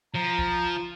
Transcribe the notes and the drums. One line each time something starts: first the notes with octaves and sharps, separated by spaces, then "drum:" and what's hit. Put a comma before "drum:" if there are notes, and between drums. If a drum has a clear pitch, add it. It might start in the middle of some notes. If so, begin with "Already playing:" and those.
F3 A#5
drum: kick A#1